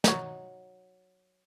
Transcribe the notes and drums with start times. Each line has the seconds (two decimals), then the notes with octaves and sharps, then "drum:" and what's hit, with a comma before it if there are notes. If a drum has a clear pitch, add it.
0.04 F#3 D#4, drum: snare